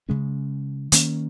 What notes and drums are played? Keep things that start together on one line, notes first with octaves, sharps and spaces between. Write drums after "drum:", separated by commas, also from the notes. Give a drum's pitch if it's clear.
C#3 G#3 C#4
D#3 A#3 C#4, drum: hi-hat